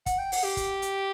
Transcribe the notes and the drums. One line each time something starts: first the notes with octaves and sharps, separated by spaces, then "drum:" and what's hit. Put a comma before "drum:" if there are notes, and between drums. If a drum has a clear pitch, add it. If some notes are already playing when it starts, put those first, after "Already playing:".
F#5, drum: kick, hi-hat
G5
F#5, drum: open hi-hat
G4
drum: kick, hi-hat
drum: hi-hat